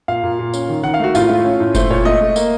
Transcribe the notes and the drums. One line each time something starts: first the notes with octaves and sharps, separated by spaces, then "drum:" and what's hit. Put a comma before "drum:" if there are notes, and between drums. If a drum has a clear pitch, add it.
A#2 F5
A#2
A#2
C#4, drum: tambourine
D#3
D#3 F#5
F5
A3 F#4
A2 F4, drum: tambourine
A3 F4
C#4
A2
A3 C5, drum: kick F#1, tambourine
A#2 C#5
A3 D#5
A3
A#3, drum: tambourine